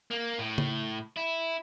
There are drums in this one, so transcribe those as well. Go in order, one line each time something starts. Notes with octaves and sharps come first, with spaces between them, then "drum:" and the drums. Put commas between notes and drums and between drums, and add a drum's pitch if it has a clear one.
A#3
A2
drum: tom C#3
E4